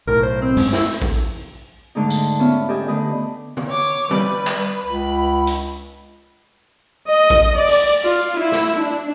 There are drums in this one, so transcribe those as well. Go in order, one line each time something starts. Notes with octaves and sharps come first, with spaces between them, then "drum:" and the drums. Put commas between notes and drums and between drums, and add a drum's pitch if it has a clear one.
B1 A2 A#4
C5
C4
G2 G#3 C#4, drum: open hi-hat
E4, drum: snare
drum: kick A1
G#2 D3 A3 D#4
drum: tambourine
B3 C#4 F4 E5
G4 A4 D#5 G#5
D3 A3 B4 D#5
drum: tom
C#5 D6
G3 B4, drum: tom
drum: clap
C#2 B5
drum: hi-hat
D#5
drum: kick A1
D5
drum: open hi-hat
F4
E4
drum: snare
D4